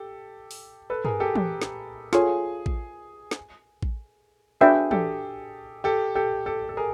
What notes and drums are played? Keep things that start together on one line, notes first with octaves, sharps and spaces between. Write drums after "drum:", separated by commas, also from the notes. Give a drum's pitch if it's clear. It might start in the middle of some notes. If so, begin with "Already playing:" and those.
Already playing: G4 A4
drum: open hi-hat
A4 B4
G#4 A#4, drum: tom G2
G4 A4
G4, drum: tom E3
drum: snare
F4 G#4 A4 C#5, drum: snare
drum: kick A1
drum: snare
drum: kick A1
D4 F#4 G#4 B4 E5 G5
G4 A4, drum: tom E3
G4 A4
G4 A4
G4 A4
A4
G#4 A#4